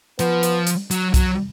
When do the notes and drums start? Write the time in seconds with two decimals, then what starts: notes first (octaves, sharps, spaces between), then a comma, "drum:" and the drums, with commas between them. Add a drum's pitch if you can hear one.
0.19 F3 B3, drum: hi-hat
0.43 drum: hi-hat
0.67 drum: hi-hat
0.91 F#3, drum: hi-hat
1.14 F#3, drum: kick B1, hi-hat